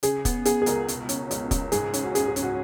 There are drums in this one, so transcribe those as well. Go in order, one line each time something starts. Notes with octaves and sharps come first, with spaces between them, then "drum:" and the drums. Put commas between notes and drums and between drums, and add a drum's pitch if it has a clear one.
C#3 G#4, drum: hi-hat
B3, drum: kick, hi-hat
B3 G#4, drum: hi-hat
G#4
C#2 A#4, drum: hi-hat
B2, drum: hi-hat
C#4, drum: hi-hat
C#2, drum: hi-hat
C#2, drum: kick, hi-hat
G#2 G#4, drum: hi-hat
C#4, drum: hi-hat
F#4
C#4 G#4, drum: hi-hat
G#4
C#4, drum: hi-hat
F#4